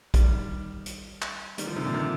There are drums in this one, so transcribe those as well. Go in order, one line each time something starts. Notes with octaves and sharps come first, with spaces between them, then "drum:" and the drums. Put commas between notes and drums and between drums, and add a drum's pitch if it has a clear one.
D#3 G3, drum: kick, hi-hat
drum: hi-hat
drum: clap
D#3 G3, drum: hi-hat
D3 F3
C3 D#3
A#2 D3
C3 D#3